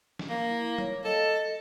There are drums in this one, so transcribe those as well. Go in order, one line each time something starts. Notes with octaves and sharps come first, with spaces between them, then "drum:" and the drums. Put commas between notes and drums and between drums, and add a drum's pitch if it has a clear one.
drum: snare
A#3
E4
C#5, drum: tom
A4 D#5